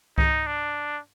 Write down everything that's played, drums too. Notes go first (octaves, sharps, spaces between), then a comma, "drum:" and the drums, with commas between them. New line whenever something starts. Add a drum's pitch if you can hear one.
D#4, drum: kick C2
D4